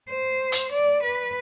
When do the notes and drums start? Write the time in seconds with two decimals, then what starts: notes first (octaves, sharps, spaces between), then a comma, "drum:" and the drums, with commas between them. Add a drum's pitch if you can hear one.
0.09 C5
0.52 drum: hi-hat
0.72 D5
1.03 B4